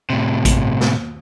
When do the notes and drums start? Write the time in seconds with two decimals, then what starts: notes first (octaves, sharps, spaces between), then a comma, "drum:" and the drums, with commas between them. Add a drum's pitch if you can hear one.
0.10 A2 C3
0.45 drum: kick A1, hi-hat
0.81 drum: snare